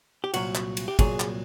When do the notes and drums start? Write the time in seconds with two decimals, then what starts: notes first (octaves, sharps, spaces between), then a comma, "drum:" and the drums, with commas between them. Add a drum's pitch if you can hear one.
0.24 G4
0.34 C2 A#2 F#3 F#4, drum: cymbal
0.55 drum: clap
0.77 drum: cymbal
0.88 G4
0.99 C2 A#2 F#3 G#4, drum: kick, cymbal
1.20 drum: clap